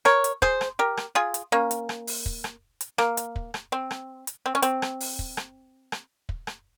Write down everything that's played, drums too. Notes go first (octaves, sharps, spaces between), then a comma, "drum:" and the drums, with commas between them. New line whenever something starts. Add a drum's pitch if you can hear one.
A#4 C#5, drum: rim click
drum: hi-hat
G#4 C5, drum: kick
drum: rim click
G4 A#4
drum: rim click
F4 G#4
drum: hi-hat
A#3 C#4
drum: hi-hat
drum: rim click
drum: open hi-hat
drum: kick
drum: rim click
drum: hi-hat
A#3, drum: rim click
drum: hi-hat
drum: kick
drum: rim click
C4
drum: rim click
drum: hi-hat
C4
C#4
C4, drum: hi-hat
drum: rim click
drum: open hi-hat
drum: kick
drum: rim click
drum: rim click
drum: kick
drum: rim click